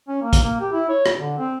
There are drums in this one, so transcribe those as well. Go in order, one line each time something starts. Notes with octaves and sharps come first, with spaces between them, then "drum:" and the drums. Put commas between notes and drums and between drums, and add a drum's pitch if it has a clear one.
C#4
A#3
drum: kick, hi-hat
A#3
G4
E4
C#5
drum: rim click
D3
C4